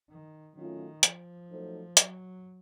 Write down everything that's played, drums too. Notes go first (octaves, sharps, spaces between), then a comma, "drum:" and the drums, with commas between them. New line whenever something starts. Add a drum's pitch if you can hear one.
D#3
D#3 F#3 A3 C#4 F4
F3, drum: hi-hat
F#3 A3 D#4 A4 C5
F#3, drum: hi-hat